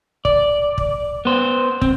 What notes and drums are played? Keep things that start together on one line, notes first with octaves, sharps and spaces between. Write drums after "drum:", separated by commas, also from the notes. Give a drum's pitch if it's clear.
D5, drum: kick
drum: kick
B3 C5
C4, drum: kick